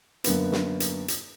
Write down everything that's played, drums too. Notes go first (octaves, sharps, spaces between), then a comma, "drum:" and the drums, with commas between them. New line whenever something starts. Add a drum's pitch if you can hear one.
F#2 D3 A#3 B3, drum: hi-hat
drum: snare
drum: hi-hat
drum: hi-hat